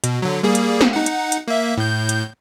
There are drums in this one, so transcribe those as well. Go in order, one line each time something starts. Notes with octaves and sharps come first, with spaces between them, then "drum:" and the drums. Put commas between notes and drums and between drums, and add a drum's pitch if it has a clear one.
B2, drum: hi-hat
D3 F#3
G3 A#3 G#4
drum: hi-hat
drum: snare
D#4 F#5
drum: hi-hat
drum: hi-hat
A#3 E5
A2 G6
drum: hi-hat